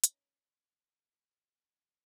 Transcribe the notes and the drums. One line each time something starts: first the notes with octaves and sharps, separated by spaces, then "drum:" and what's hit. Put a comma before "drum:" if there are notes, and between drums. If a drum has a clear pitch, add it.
C#4 D#4 B4, drum: hi-hat